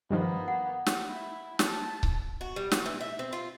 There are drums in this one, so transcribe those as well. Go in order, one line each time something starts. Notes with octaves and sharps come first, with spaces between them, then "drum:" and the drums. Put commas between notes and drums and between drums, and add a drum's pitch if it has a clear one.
G2 D#3 F3 A#3 B3
F#5
drum: snare
E4 E5
A5, drum: snare
drum: kick C#1
F#4
G3
F#4, drum: snare
E3
E5
C4
F4